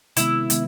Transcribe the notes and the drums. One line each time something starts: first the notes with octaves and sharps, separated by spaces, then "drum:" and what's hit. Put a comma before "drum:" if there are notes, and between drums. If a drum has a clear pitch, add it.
C3 D#3 G#3 B3 E4, drum: hi-hat
C3 D#3 G#3 B3, drum: hi-hat